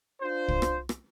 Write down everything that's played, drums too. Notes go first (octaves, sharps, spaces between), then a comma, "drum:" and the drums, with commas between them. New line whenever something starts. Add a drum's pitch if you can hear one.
D4 F4 C5
drum: kick
drum: rim click
drum: rim click